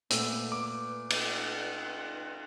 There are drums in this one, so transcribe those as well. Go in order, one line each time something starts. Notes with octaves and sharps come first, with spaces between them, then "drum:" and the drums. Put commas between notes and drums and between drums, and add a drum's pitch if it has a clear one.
A#2 A3 B3 E6, drum: hi-hat
B4 D6
drum: cymbal